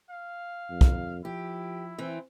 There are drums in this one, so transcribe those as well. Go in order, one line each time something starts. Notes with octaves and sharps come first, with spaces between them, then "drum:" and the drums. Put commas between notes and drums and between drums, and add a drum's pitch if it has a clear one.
F5
F2
drum: kick
F3 E4 G4
E3 C4